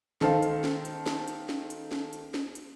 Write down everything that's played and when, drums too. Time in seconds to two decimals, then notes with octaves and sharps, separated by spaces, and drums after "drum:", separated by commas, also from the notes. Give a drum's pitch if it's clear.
0.21 D#3 A4 C5 F5, drum: snare
0.42 drum: hi-hat
0.64 drum: snare
0.85 drum: hi-hat
1.06 drum: snare
1.28 drum: hi-hat
1.49 drum: snare
1.70 drum: hi-hat
1.91 drum: snare
2.13 drum: hi-hat
2.34 drum: snare
2.55 drum: hi-hat